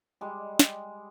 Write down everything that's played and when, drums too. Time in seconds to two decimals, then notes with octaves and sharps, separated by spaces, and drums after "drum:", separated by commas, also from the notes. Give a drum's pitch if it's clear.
0.21 G3 G#3
0.59 drum: snare